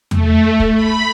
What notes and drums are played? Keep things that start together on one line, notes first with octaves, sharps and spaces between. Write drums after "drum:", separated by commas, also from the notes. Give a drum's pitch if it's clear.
A3, drum: tom E2
drum: kick
B5